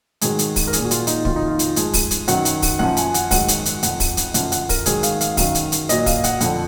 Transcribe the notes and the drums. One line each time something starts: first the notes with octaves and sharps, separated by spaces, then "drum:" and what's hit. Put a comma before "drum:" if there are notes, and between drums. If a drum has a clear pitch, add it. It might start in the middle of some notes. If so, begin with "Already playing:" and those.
G#2 D#3 F#3 G#4, drum: hi-hat
drum: hi-hat
drum: kick, open hi-hat
A#4
A#2 F3 G#4, drum: hi-hat
F#4
F4, drum: hi-hat
D#4, drum: hi-hat
F2 D#3 F#3 F4, drum: kick
D#4
F4
drum: hi-hat
G#2 F3 G#4, drum: hi-hat
drum: kick, open hi-hat
drum: hi-hat
F#2 D#3 F#3 F#5, drum: hi-hat
drum: hi-hat
drum: kick, open hi-hat
F#2 F3 F#5
G#5, drum: hi-hat
F#5, drum: hi-hat
G#2 D#3 F#3 F#5, drum: kick, open hi-hat
drum: hi-hat
drum: hi-hat
F2 F3 F#5, drum: hi-hat
drum: kick, open hi-hat
drum: hi-hat
F#2 D3 F3 F#5, drum: hi-hat
F#5, drum: hi-hat
A#4, drum: kick, open hi-hat
G#2 D#3 F#3 G#4, drum: hi-hat
F5, drum: hi-hat
F5, drum: hi-hat
F#2 D#3 F#3 F5, drum: kick, open hi-hat
drum: hi-hat
drum: hi-hat
A#2 F#3 D#5, drum: hi-hat
F5, drum: kick, open hi-hat
F#5, drum: hi-hat
F2 D3 F3 F#5, drum: hi-hat